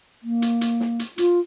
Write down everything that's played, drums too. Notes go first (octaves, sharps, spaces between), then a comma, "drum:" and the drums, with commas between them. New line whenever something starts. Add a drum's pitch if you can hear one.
A#3
drum: hi-hat
drum: hi-hat
drum: snare
drum: hi-hat
F4, drum: hi-hat